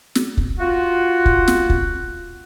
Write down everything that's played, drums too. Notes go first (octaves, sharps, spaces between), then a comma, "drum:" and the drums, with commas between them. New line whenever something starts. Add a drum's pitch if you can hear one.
drum: snare
drum: kick
F4 F#4
drum: kick
drum: snare
drum: kick